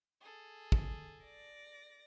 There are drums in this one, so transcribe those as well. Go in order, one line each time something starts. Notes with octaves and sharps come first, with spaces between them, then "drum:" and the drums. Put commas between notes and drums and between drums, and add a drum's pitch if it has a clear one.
G#4 A4
drum: kick
D5 A#6